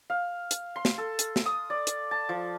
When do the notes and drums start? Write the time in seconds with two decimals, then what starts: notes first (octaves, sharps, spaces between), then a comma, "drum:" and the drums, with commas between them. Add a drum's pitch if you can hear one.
0.10 F5
0.51 drum: hi-hat
0.76 C6
0.85 drum: snare
0.98 A4
1.19 drum: hi-hat
1.36 drum: snare
1.46 D#6
1.70 D5
1.87 drum: hi-hat
2.11 A5
2.29 F3